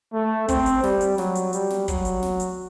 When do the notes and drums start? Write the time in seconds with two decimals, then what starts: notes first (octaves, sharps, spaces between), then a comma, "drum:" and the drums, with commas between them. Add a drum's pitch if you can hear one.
0.14 A3
0.49 C4, drum: kick, hi-hat
0.66 drum: hi-hat
0.83 G3, drum: snare
1.01 drum: hi-hat
1.18 F#3, drum: snare
1.36 drum: hi-hat
1.53 G3, drum: hi-hat
1.70 drum: snare
1.88 F#3, drum: kick, hi-hat
2.05 drum: hi-hat
2.22 drum: snare
2.40 drum: hi-hat